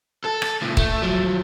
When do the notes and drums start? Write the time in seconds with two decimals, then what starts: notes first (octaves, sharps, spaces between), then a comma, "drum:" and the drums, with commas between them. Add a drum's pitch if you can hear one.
0.24 A4
0.42 drum: rim click
0.61 C#2 A#2
0.77 A3, drum: kick D#1
1.03 F3 F#3